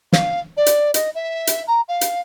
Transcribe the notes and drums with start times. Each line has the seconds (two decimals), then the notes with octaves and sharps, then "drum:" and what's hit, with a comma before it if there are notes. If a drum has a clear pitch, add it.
0.13 F5, drum: snare
0.57 D5
0.66 drum: hi-hat
0.94 D#5, drum: hi-hat
1.15 E5
1.47 drum: hi-hat
1.67 A#5
1.88 F5
2.01 drum: hi-hat